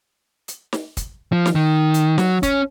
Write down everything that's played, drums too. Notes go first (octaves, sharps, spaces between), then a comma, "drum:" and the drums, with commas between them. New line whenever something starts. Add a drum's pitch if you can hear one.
drum: hi-hat
drum: snare
drum: kick, hi-hat
F3
drum: snare
D#3
drum: hi-hat
F#3, drum: snare
C#4, drum: kick, hi-hat